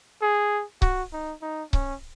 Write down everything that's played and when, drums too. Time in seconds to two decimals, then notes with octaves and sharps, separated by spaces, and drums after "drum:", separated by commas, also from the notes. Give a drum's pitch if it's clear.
0.22 G#4
0.82 F#4, drum: kick C#1
1.13 D#4
1.42 D#4
1.73 C#4, drum: kick C#1